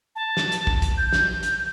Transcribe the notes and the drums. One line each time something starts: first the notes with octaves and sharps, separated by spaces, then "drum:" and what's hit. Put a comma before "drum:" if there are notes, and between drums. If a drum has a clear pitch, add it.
A5
drum: snare
drum: hi-hat
drum: kick
drum: kick, hi-hat
G6
drum: snare
drum: hi-hat